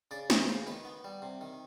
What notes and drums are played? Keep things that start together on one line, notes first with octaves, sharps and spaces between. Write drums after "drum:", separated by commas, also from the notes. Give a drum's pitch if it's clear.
C#3 D5
E3 C#5, drum: snare
C#3 C5
D#3 B4
B3
G3
C3
D#3